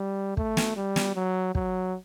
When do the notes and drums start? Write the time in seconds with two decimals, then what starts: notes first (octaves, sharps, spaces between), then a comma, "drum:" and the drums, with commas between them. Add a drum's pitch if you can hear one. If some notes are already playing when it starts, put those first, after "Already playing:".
Already playing: G3
0.37 A3, drum: kick
0.57 drum: snare
0.76 G3
0.96 drum: snare
1.16 F#3
1.55 F#3, drum: kick